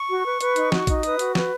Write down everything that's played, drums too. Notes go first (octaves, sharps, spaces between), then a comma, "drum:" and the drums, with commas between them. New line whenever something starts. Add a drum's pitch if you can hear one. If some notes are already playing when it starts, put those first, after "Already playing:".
Already playing: C#6
F#4
B4
B4, drum: hi-hat
D#4, drum: hi-hat
F#4, drum: snare
D#4, drum: kick A#1, hi-hat
B4 D#6, drum: hi-hat
F#4, drum: hi-hat
B4, drum: snare